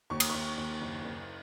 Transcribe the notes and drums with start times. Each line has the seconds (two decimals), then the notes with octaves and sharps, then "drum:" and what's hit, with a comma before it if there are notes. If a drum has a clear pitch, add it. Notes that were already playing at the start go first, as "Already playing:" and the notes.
0.10 D#2 C#6
0.20 D#6, drum: cymbal
0.30 D#2 C#6
0.57 D#2
0.81 F#1
1.05 F#1